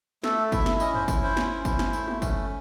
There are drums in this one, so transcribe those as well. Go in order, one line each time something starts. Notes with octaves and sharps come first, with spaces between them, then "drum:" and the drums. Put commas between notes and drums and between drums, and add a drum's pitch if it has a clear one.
A3 A4, drum: snare
E4 E5, drum: kick G1, tambourine
drum: snare
C#4 D#5, drum: tambourine
C5, drum: tom
E4, drum: kick G1, tambourine
C5
C#4, drum: snare
E4, drum: kick G1, tambourine
drum: snare
A3, drum: tambourine
drum: tom
C#4, drum: kick G1, tambourine